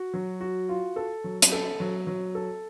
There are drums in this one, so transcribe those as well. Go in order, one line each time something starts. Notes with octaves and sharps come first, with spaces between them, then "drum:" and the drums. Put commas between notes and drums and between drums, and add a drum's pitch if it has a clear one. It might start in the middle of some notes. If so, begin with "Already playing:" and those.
Already playing: F#4
F#3
F#4
F4
A4
F#3
drum: hi-hat
A4
F#3
F#3
A4